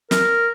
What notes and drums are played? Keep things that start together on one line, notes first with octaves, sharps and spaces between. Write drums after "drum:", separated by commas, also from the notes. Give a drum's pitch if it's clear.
A#4, drum: snare